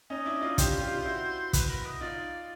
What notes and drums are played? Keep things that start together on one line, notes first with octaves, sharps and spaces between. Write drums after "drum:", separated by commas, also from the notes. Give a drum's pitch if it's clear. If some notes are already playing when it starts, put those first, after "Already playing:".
C#4 D#4 D#5
D4 E4
D#4 F4
G4 C5, drum: kick, hi-hat
F4 G4
F4
E4 F#4
B4, drum: kick, hi-hat
A#4
D#5
D#4 F4 D5